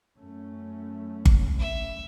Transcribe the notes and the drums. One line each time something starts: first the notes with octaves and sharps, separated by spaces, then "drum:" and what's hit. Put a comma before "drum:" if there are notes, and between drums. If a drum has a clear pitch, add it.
F#2 A3 C#4
drum: kick G1
E5